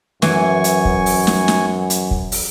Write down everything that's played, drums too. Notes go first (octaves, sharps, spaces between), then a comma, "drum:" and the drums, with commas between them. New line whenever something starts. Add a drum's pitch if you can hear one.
F#2 E3 G#5 C#6, drum: snare
drum: hi-hat
drum: kick
drum: open hi-hat
drum: snare
drum: snare
drum: hi-hat
drum: kick
drum: open hi-hat